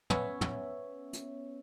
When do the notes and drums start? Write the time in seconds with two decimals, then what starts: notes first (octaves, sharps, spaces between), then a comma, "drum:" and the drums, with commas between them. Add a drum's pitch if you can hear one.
0.10 B3 C#4 C#5 E5, drum: tom
0.41 drum: tom
1.13 drum: hi-hat